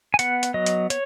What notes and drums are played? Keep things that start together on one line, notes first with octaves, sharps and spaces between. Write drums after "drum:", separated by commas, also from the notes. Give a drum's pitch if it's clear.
G#5
B3 F#5, drum: hi-hat
drum: hi-hat
F#3 D#5
drum: hi-hat
C#5, drum: hi-hat